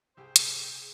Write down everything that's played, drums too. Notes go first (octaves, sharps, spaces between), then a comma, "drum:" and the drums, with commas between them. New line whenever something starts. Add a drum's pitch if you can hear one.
C2 G4 G#4 C5 G5
drum: hi-hat